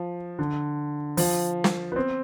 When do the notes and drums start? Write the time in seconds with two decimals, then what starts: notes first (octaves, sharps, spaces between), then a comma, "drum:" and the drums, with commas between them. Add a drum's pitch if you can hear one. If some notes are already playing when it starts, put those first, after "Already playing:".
Already playing: F3
0.39 D3
1.17 F3, drum: open hi-hat
1.64 drum: snare
1.92 B3
1.96 C4